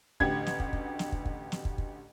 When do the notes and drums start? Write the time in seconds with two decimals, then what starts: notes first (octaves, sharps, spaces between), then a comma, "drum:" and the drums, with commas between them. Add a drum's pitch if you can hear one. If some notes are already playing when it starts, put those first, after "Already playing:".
0.20 A1 D2 G4 G#6, drum: kick
0.46 drum: snare
0.60 drum: kick
0.73 drum: kick
0.99 drum: snare
1.12 drum: kick
1.25 drum: kick
1.52 drum: snare
1.65 drum: kick
1.78 drum: kick